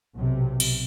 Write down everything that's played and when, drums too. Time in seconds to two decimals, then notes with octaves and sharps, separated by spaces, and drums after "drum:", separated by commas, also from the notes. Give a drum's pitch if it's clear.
0.15 B1 C3
0.60 drum: cymbal